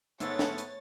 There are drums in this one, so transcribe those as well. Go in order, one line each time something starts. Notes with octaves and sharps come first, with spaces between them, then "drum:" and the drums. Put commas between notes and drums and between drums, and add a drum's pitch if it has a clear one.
G#2 D#3 A3 B3 C#5 A6, drum: hi-hat
drum: snare
drum: hi-hat